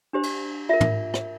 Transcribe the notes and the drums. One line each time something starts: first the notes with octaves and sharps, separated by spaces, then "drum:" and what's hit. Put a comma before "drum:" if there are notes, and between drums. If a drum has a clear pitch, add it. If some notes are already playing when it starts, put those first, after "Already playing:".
D4 G4 C5
drum: cymbal
F4 A#4 E5
drum: tom
drum: rim click